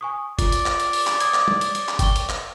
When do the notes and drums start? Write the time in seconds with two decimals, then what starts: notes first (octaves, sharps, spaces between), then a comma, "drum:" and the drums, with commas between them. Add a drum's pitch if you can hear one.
0.01 G#5 C#6 D#6
0.39 F4 D5, drum: kick F#1, hi-hat
0.52 drum: hi-hat
0.66 drum: clap
0.80 drum: hi-hat
0.93 drum: open hi-hat
1.07 drum: clap
1.20 D6 D#6 G#6, drum: hi-hat
1.34 drum: clap
1.48 drum: tom
1.61 drum: hi-hat
1.75 drum: hi-hat
1.89 drum: clap
1.99 G5 C#6 G7, drum: kick F#1, hi-hat
2.16 drum: hi-hat
2.29 drum: clap